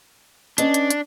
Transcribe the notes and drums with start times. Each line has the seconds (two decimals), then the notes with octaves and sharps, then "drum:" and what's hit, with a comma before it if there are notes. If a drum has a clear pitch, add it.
0.58 C#4 D4 B4 D#5, drum: hi-hat
0.74 drum: hi-hat
0.91 drum: hi-hat